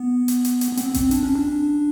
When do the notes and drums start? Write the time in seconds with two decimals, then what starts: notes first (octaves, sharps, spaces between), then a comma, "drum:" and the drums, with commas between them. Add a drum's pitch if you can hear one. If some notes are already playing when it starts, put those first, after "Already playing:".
Already playing: B3
0.28 drum: hi-hat
0.45 drum: hi-hat
0.61 drum: hi-hat
0.72 B3
0.77 C4, drum: hi-hat
0.94 C4, drum: kick G#1, hi-hat
1.11 D4, drum: hi-hat
1.23 C#4
1.36 D4